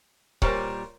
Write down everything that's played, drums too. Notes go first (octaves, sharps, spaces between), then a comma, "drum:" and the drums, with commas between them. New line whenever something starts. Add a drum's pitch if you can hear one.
A#2 G3 A#4 C5 C#5, drum: kick C#1